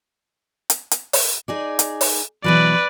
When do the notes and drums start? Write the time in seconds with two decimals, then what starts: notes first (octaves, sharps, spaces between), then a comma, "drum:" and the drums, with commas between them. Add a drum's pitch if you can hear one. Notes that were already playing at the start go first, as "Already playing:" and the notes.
0.70 drum: hi-hat
0.91 drum: hi-hat
1.13 drum: open hi-hat
1.48 D#4 G#4 D5
1.79 drum: hi-hat
2.01 drum: open hi-hat
2.44 B2 E3 F#3 B4 D5